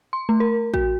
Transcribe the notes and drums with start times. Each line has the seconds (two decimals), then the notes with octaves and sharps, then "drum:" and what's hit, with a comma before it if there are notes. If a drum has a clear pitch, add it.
0.13 C6
0.29 A3
0.40 A#4
0.74 F#4, drum: kick A1